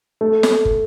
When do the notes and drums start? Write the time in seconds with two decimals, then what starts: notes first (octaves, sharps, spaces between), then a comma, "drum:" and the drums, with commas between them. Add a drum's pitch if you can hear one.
0.21 A3
0.43 drum: snare
0.65 drum: kick